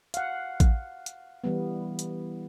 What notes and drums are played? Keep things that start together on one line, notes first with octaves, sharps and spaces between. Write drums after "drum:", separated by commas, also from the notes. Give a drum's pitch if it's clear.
F5 F#5, drum: hi-hat
drum: kick A1, hi-hat
drum: hi-hat
E3 G3 B3
drum: hi-hat